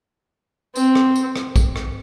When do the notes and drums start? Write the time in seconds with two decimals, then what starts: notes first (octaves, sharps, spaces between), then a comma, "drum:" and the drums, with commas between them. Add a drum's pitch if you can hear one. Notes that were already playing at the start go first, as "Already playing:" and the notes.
0.76 C4, drum: tambourine
0.95 drum: rim click
1.15 drum: tambourine
1.36 drum: rim click
1.56 drum: kick A#1, tambourine
1.76 drum: rim click